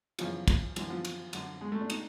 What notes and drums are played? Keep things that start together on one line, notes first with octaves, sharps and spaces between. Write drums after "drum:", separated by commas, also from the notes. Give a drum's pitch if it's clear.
F#2 C#3 E3 F3, drum: cymbal
drum: kick, cymbal
F#2 D3 E3, drum: cymbal
F3
drum: cymbal
F#2 D3, drum: cymbal
G#3
A3
D4
D#4, drum: cymbal